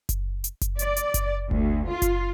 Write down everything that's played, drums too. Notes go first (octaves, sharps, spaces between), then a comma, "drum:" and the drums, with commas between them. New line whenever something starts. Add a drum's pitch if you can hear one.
drum: kick F#1, hi-hat
drum: hi-hat
drum: kick F#1, hi-hat
D5, drum: hi-hat
drum: hi-hat
drum: kick F#1, hi-hat
D2, drum: kick F#1
F4
drum: kick F#1, hi-hat